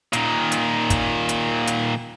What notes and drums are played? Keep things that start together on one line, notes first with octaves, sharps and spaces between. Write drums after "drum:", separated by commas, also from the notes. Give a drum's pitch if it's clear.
A#2 D#3, drum: hi-hat
drum: hi-hat
drum: kick, hi-hat
drum: hi-hat
drum: hi-hat